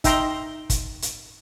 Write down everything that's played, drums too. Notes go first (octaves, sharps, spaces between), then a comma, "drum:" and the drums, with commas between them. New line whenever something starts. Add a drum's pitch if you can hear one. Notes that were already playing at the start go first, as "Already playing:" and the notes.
D#4 E5 G5 A#5 C6, drum: kick, hi-hat
drum: kick, hi-hat
drum: hi-hat